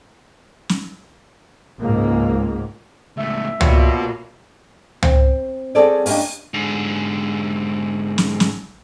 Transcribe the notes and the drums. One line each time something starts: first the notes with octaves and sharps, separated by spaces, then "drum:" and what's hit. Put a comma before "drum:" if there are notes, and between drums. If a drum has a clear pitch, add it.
drum: snare
C#2 G#2 A#3
C#2 A2 E5
B2 G3 A#3 F4 F#4 B4 C#5, drum: tom
C4, drum: tom
G3 C4 G#4 A4 C#5 D5
A#3 C#4 D4 G4 D#5, drum: open hi-hat
G#2 D3
drum: snare
drum: snare